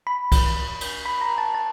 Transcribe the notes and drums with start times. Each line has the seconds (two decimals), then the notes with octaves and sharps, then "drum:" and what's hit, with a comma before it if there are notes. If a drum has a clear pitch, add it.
0.07 B5
0.32 drum: kick, cymbal
0.81 drum: cymbal
1.05 B5
1.21 A#5
1.38 A5
1.55 A5